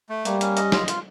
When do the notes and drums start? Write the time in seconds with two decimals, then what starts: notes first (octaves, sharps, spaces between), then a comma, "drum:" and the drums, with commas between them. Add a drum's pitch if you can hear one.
0.09 A3
0.25 G3 A#3, drum: hi-hat
0.41 C#4, drum: hi-hat
0.57 D#5, drum: hi-hat
0.72 F4, drum: snare
0.88 F4, drum: hi-hat